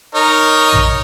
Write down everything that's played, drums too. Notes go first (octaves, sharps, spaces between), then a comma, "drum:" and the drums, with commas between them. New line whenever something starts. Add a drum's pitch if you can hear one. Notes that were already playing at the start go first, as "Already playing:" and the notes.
D#4 A#4 C#5
drum: tom B1